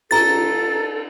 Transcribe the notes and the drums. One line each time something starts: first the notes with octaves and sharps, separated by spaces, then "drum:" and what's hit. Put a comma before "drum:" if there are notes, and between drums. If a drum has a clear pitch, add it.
A4 A#5 A6, drum: cymbal